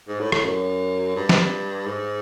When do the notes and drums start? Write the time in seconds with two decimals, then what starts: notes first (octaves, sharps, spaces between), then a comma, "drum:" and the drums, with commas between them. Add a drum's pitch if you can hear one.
0.08 G#2
0.20 A2
0.32 A2, drum: rim click
0.44 F#2
1.16 G2
1.29 drum: snare
1.87 G#2